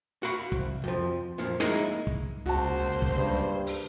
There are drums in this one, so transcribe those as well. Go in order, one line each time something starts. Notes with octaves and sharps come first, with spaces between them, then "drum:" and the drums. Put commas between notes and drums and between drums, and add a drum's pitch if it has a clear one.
F#4 F5 B5
C2, drum: kick
F2 F3
F2 A#2 F3
G#3 A#3 D#4 E4, drum: snare
drum: kick
C#2 A#3 F#4 C5 A5
drum: kick
G2
drum: open hi-hat